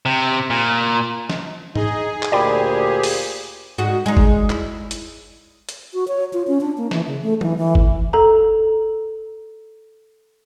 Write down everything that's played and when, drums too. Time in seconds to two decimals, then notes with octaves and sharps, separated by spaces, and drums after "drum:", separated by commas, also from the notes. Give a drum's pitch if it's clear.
0.06 C3
0.50 A#2
1.30 drum: snare
1.76 D#4 G#4, drum: tom G#2
2.23 drum: clap
2.32 D2 A#2 G4 C5 D5 G5 B5
3.03 drum: open hi-hat
3.78 G#2 F#4
4.06 G#3 D#4
4.17 drum: kick G1
4.50 E4, drum: clap
4.91 drum: hi-hat
5.69 drum: hi-hat
5.94 F#4
6.08 C#5
6.33 F4
6.48 C#4
6.61 D4
6.77 A#3
6.91 E3, drum: snare
7.07 C#3
7.23 A3
7.41 E3, drum: tom F#3
7.58 E3
7.75 drum: kick G1
8.13 A4 A#5